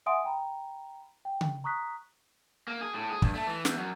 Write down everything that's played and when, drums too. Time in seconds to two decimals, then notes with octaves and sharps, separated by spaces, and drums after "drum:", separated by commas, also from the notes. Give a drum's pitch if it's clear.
0.06 E5 F#5 G#5 C6 D#6 D7
0.24 G5 A#5 B5
1.25 G5
1.41 drum: tom C#3
1.64 A#5 C#6 D#6 F#6 B6
2.68 A#3
2.81 G#4
2.94 A2
3.10 G#4
3.22 G2, drum: kick
3.35 A3
3.47 E3
3.65 E2, drum: snare
3.78 F#2